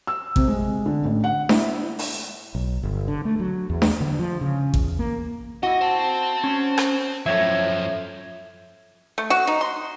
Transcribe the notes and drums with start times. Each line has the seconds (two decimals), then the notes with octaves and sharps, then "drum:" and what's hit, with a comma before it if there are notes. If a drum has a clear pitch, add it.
0.07 E6
0.36 C3, drum: kick A1
0.48 G#3
0.86 D3
1.04 A1
1.24 F#5
1.49 E4, drum: snare D4
1.99 drum: open hi-hat
2.55 B1
2.83 G1
3.08 D3
3.25 A3
3.40 F#3
3.70 E2
3.82 drum: snare D4
4.00 D3
4.19 F3
4.41 C#3
4.74 E2, drum: kick A1
4.99 A#3
5.63 E4 F#4 D#5
5.81 C5 G5 A5
6.44 C#4
6.78 drum: rim click
7.26 F#2 F3 A4 C#5 E5 G#6
9.18 A3
9.30 F#4
9.47 D#4
9.61 C6